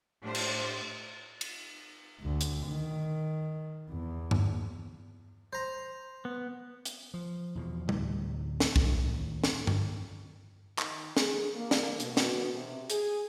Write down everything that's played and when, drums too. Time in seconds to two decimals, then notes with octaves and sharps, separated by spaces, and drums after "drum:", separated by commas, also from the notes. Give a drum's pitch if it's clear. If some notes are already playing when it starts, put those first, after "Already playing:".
0.23 A2 D4 F4 G4 C5
0.35 drum: cymbal
1.41 drum: cymbal
2.22 D2
2.41 drum: hi-hat
2.68 D#3
3.91 E2
4.31 drum: tom G2
5.53 C5 A#5
6.25 B3
6.85 drum: hi-hat
7.14 F3
7.55 E2 B2 F3
7.89 D2 A2 C3, drum: tom
8.60 drum: snare
8.76 A1 D#2 B2 D4, drum: kick
8.92 D#2 A2 D#3
9.44 drum: snare
9.67 drum: tom G2
10.79 D#3, drum: clap
11.17 G#4, drum: snare
11.56 A#3
11.71 drum: snare
12.00 B2, drum: hi-hat
12.17 drum: snare
12.55 C3
12.90 G#4, drum: hi-hat